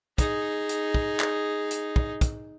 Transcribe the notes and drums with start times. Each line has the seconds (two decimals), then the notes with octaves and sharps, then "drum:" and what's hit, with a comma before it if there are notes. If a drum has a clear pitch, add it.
0.18 D#4 G#4, drum: kick, hi-hat
0.69 drum: hi-hat
0.94 drum: kick
1.20 drum: clap
1.71 drum: hi-hat
1.96 drum: kick
2.21 drum: kick, hi-hat